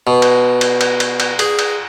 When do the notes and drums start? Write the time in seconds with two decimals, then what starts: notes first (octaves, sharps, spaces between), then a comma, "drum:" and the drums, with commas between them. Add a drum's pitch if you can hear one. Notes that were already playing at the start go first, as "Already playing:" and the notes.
0.07 B2
0.22 drum: cymbal
0.61 drum: cymbal
0.81 drum: cymbal
1.00 drum: cymbal
1.20 drum: cymbal
1.39 G#4, drum: cymbal
1.59 drum: cymbal